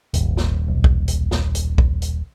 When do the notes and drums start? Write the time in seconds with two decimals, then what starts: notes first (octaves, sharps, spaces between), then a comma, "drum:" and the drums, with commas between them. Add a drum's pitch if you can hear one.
0.14 D#1 G#1, drum: hi-hat
0.37 drum: snare
0.68 B1
0.84 drum: kick B1
1.08 drum: hi-hat
1.31 drum: snare
1.55 drum: hi-hat
1.78 drum: kick B1
2.02 drum: hi-hat